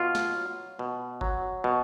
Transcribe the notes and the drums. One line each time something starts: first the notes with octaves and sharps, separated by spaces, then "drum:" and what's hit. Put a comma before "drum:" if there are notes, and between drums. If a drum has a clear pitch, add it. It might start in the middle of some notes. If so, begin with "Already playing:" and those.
Already playing: B2 F4
drum: snare
F#3
B2
F#3, drum: kick G1
B2